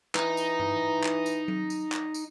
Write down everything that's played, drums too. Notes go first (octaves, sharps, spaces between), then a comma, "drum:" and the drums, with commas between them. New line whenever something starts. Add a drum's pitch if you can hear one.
E3 D#4, drum: clap
drum: tambourine
drum: tom G2
drum: clap
drum: tambourine
drum: tom F#3
drum: tambourine
drum: clap
drum: tambourine